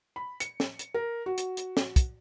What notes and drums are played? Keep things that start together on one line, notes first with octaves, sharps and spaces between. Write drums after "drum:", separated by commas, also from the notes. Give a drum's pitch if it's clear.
B5
C#7, drum: hi-hat
drum: snare
drum: hi-hat
A#4
F#4
drum: hi-hat
drum: hi-hat
drum: snare
drum: kick, hi-hat